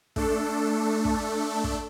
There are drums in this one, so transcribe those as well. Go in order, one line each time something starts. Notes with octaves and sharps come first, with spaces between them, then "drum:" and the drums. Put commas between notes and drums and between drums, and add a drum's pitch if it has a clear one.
A3 D4 A4, drum: kick
drum: kick
drum: kick